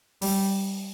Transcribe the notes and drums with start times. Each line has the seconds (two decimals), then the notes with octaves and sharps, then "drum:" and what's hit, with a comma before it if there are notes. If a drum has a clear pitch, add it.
0.22 G3, drum: open hi-hat